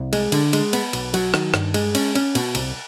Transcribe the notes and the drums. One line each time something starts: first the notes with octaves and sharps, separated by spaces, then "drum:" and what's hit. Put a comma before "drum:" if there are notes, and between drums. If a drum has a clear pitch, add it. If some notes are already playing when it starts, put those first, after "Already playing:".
Already playing: C2
G#3, drum: cymbal
D3, drum: cymbal
G#3, drum: cymbal
B3, drum: cymbal
B1, drum: cymbal
F#3, drum: cymbal
D#3, drum: rim click
G2, drum: rim click
G#3, drum: cymbal
C#4, drum: cymbal
C#4, drum: cymbal
B2, drum: cymbal
C2, drum: cymbal